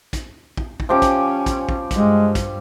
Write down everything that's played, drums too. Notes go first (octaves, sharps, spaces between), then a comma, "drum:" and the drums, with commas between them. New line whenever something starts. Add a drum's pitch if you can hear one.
drum: kick, hi-hat
drum: kick
drum: kick
F3 C#4 G4 D6
drum: kick, hi-hat
drum: kick, hi-hat
drum: kick
G2 G3 G#3, drum: kick, hi-hat
drum: kick, hi-hat